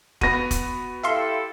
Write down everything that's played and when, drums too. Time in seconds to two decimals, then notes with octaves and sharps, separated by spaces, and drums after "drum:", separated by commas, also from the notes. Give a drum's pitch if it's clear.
0.21 B3 F#4 B5 A#6 D#7, drum: kick E1
0.51 drum: kick E1, hi-hat
1.03 E4 G4 A4 E5 F5 C6